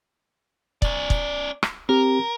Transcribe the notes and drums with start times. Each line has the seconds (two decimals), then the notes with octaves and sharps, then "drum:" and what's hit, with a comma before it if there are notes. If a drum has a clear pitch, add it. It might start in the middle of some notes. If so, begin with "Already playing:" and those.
0.82 C#4 D5, drum: kick
1.10 drum: kick
1.63 drum: rim click
1.89 C4 G4 A#4